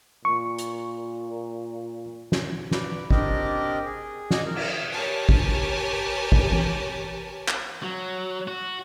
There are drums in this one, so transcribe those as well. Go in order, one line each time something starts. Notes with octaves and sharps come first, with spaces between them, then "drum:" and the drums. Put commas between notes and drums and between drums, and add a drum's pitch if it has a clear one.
A#2 C#6
drum: hi-hat
drum: snare
B4 D5, drum: snare
C4 D4 G4 A#4 D5 D#5, drum: kick
G#4
D5 D#5 F#5 G#5, drum: snare
A#4
drum: cymbal
G4 A#4 B4 C#5 G#5 A5
drum: kick
drum: kick
drum: tom E3
drum: clap
F#3
F#4